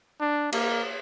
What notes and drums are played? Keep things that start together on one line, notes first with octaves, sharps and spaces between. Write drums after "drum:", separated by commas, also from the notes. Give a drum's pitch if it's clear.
D4
A#3, drum: cymbal